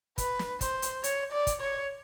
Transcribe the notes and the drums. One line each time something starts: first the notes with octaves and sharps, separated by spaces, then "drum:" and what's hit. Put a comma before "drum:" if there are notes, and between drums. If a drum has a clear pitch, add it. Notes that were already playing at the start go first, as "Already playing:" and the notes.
B4, drum: kick, hi-hat
drum: snare
C5, drum: kick, hi-hat
drum: hi-hat
C#5, drum: hi-hat
D5
drum: kick, hi-hat
C#5